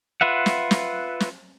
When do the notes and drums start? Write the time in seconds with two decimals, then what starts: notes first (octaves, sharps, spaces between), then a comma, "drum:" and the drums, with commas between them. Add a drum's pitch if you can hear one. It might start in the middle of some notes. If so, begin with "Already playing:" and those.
0.21 F4 B4 E5 F#5
0.46 drum: snare
0.71 drum: snare
1.20 drum: snare